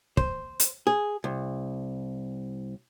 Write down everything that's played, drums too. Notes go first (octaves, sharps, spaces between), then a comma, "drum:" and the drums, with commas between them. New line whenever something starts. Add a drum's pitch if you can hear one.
C5, drum: kick
drum: hi-hat
G#4
C2